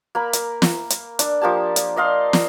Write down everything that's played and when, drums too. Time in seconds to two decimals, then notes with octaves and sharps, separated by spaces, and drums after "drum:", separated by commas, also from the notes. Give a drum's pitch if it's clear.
0.15 A#3 A#4 B5
0.33 drum: hi-hat
0.62 drum: snare
0.90 drum: hi-hat
1.19 D4, drum: hi-hat
1.42 F3 A#3 G4 A5
1.76 drum: hi-hat
1.96 D5 D#5 F5 C6
2.33 drum: snare